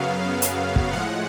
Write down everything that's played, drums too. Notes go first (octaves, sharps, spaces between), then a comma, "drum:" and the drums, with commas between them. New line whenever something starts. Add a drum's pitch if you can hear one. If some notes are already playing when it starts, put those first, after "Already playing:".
Already playing: F#2 C#3 F#3 B3 F5
drum: hi-hat
drum: kick
A2 F3 G#3 F#5